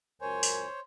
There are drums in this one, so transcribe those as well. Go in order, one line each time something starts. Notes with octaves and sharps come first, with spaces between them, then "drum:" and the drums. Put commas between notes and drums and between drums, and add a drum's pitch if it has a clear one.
C#2 F#2 A#4 C5 C#5 G#5 C6
drum: open hi-hat